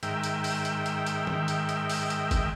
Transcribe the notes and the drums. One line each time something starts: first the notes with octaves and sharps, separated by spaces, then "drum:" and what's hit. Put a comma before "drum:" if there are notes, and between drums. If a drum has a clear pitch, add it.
G#2 D#3 E5 G5, drum: hi-hat
drum: hi-hat
drum: open hi-hat
drum: hi-hat
drum: hi-hat
drum: hi-hat
drum: tom D#3
drum: hi-hat
drum: hi-hat
drum: open hi-hat
drum: hi-hat
drum: kick F#1, hi-hat